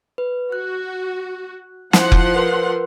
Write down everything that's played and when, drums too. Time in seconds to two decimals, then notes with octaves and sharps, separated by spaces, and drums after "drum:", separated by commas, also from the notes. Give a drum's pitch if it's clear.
0.18 B4
0.52 F#4 F#6
1.93 F3 E4 C5 F#5 C6, drum: snare
2.12 drum: kick F1
2.35 A#4 B4